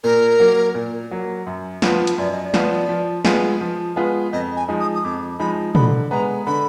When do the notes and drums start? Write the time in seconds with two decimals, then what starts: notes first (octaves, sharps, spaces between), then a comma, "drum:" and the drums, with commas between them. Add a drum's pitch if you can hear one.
0.03 A#2 A#4
0.40 F#3 A#3
0.75 A#2
1.11 F#3 A#3
1.46 F#2
1.82 F3 B3 F4, drum: snare
2.07 drum: hi-hat
2.18 F#2 D5
2.32 D#5
2.45 D5
2.54 F3 B3 F4, drum: snare
2.89 F3
3.25 G#3 B3 F4, drum: snare
3.61 F3
3.96 G#3 B3 F4
4.32 F2 D#5
4.56 G#5
4.68 F3 G#3 D#4
4.80 D#6
4.95 D#6
5.04 F2 D6
5.39 F3 G#3 D#4 B5
5.75 D3 B5, drum: tom
6.11 G#3 B3 A#5
6.46 D3 B5